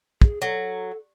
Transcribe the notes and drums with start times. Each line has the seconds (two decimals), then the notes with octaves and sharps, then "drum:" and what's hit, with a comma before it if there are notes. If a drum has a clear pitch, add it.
0.22 G#4, drum: kick
0.42 F#3 A4